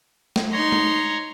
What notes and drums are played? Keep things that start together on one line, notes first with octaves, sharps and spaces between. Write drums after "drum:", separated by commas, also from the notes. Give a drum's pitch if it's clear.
drum: snare
D#4 C#5 A#5 C6
drum: tom